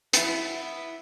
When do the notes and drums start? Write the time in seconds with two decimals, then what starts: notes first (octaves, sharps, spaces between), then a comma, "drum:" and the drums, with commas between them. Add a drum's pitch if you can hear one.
0.13 B3 E4, drum: hi-hat